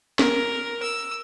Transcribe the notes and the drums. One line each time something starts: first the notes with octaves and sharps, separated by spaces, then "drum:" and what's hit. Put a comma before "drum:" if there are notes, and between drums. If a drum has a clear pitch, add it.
A#4, drum: snare
E6